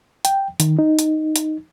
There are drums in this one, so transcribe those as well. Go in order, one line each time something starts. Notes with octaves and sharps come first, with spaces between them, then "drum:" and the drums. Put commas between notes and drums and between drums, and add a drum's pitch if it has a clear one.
G5, drum: hi-hat
D#3, drum: hi-hat
D#4
drum: hi-hat
drum: hi-hat